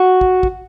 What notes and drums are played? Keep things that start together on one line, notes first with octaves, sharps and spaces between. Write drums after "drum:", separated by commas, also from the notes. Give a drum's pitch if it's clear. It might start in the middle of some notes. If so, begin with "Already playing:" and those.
Already playing: F#4
drum: kick
drum: kick